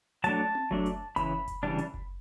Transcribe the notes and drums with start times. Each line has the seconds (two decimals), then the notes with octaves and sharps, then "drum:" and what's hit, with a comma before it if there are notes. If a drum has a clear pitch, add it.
0.24 F#3 A3 D4 A5, drum: hi-hat
0.55 drum: tom C4
0.71 F#3 A3 D4, drum: kick F#1
0.86 drum: hi-hat
1.16 C#3 E3 B5, drum: kick F#1, hi-hat
1.48 drum: kick F#1, hi-hat
1.63 C#3 E3 G3 D4
1.78 drum: hi-hat
1.94 drum: kick F#1